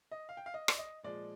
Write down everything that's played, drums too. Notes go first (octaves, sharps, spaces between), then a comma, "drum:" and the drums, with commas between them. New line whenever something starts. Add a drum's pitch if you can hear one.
D#5
F5
G5
F5
D#5
D5, drum: rim click
D#5
A#2 F3 G#3 D5